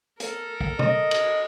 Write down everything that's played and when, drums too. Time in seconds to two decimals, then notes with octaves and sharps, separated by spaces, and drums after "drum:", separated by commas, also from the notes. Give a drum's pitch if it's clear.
0.20 A4 A#4, drum: hi-hat
0.61 drum: kick
0.79 D#5, drum: tom B2
1.11 drum: cymbal